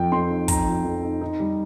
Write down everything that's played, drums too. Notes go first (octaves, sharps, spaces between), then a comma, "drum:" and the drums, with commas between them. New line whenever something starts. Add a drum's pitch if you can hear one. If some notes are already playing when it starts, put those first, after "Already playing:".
Already playing: F2 F3 G5
F2 C6
D#4
F2 A#5, drum: kick, hi-hat
F3
F2
D#4
D#4
G3